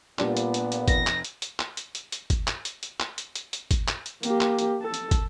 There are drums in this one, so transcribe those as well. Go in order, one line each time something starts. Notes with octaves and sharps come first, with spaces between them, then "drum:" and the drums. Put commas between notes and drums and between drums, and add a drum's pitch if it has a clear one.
A#2 G3 B3 D4, drum: clap
drum: hi-hat
drum: hi-hat
drum: hi-hat
F1 A#6, drum: kick, hi-hat
drum: clap
drum: hi-hat
drum: hi-hat
drum: clap
drum: hi-hat
drum: hi-hat
drum: hi-hat
drum: kick, hi-hat
drum: clap
drum: hi-hat
drum: hi-hat
drum: clap
drum: hi-hat
drum: hi-hat
drum: hi-hat
drum: kick, hi-hat
drum: clap
drum: hi-hat
A#3 G4, drum: hi-hat
drum: clap
drum: hi-hat
A4
drum: hi-hat
drum: kick, hi-hat